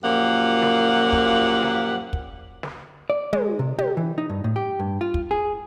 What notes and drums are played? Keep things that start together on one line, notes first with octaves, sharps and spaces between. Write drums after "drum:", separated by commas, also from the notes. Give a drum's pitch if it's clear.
F#2 A#2 F3 G4 F5 F#5
drum: snare
drum: kick
drum: snare
drum: kick
drum: snare
D5
G#3, drum: tom
C3
G4, drum: tom
E3
D#4
G2
A2
G4
G2
F4
drum: kick
G#4